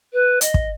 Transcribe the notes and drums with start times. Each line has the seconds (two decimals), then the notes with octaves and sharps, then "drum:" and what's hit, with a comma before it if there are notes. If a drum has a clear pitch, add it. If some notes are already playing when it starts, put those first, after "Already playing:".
0.13 B4
0.41 D#5, drum: hi-hat
0.54 drum: kick